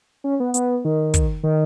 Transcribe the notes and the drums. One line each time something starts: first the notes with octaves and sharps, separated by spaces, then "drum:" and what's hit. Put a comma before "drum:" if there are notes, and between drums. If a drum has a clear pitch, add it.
C#4
B3
B3, drum: hi-hat
D#3
drum: kick, hi-hat
D#3